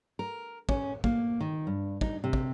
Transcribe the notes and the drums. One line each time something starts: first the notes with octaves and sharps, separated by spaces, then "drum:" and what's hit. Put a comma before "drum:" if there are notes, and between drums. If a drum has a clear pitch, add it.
A#4
C#4, drum: kick
A#3, drum: kick
D#3
G2
D#4, drum: kick
C3
drum: kick